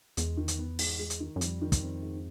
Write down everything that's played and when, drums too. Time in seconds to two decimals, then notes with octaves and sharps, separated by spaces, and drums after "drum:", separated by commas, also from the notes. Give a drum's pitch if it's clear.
0.17 E2 G#3, drum: hi-hat
0.37 D#3
0.48 drum: hi-hat
0.58 B3
0.79 G#2, drum: open hi-hat
0.99 G#3
1.10 drum: hi-hat
1.20 D#3
1.36 F#2
1.41 F2 G3, drum: hi-hat
1.62 D#3
1.72 drum: kick, hi-hat
1.82 C4
2.02 G#2